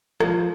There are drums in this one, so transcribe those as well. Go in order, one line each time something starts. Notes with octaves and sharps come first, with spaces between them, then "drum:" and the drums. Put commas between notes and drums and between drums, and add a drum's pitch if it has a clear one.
F3, drum: rim click